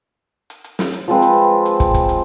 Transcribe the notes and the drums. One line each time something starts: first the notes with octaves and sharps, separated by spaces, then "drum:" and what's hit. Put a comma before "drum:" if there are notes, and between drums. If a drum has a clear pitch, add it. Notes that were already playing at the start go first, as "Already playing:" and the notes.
drum: hi-hat
drum: hi-hat
drum: snare
drum: hi-hat
F3 G#3 C4 B4
drum: hi-hat
drum: hi-hat
drum: kick, hi-hat
drum: kick, hi-hat
drum: hi-hat